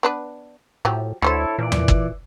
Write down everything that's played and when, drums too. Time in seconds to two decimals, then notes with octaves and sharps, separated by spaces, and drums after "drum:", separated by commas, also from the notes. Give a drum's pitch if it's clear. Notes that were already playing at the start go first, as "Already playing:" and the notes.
0.03 B3 D4 B4
0.85 A2 F3 F#3 G4
1.22 D2 D3 C#4 E4 A4 C5 C#5
1.58 A#2 E3 D5
1.72 drum: tom E2
1.88 drum: kick